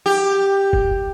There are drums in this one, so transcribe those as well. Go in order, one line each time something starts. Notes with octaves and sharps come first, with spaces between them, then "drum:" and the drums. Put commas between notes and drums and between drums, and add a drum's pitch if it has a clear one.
G4
drum: kick